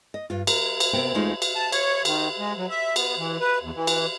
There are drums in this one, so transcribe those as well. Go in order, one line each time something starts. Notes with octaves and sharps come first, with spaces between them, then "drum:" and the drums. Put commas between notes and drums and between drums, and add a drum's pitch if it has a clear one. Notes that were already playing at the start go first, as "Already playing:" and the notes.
D#5
G2 F4
A#4, drum: cymbal
drum: cymbal
C3 B3 A#4 G5
E2 G#3 A3 D#4 F4 C5
drum: cymbal
A5
C#5, drum: cymbal
D#3, drum: cymbal
G#3
F#3
E5
B3, drum: cymbal
E3
B4
E2
E3
drum: cymbal